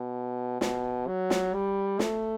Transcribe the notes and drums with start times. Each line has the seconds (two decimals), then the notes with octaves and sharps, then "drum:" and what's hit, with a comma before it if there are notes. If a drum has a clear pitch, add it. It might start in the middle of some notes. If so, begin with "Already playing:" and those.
Already playing: B2
0.61 B2, drum: snare
1.07 F#3
1.30 drum: snare
1.53 G3
1.99 A3, drum: snare